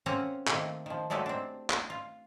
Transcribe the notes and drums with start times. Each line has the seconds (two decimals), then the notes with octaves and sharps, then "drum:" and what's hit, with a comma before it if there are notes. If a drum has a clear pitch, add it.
0.06 A#3 C4 C#4 F#5 A5 A#5
0.47 D#3 A3 A#3 C4, drum: clap
0.86 D#3 F3
1.10 F#3 G#3 A3 D#4 F#4 G4
1.26 C4 D4
1.70 drum: clap
1.90 F4